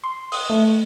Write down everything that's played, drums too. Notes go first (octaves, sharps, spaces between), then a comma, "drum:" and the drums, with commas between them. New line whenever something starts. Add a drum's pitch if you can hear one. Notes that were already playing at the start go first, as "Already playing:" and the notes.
C6
D#6, drum: open hi-hat
A3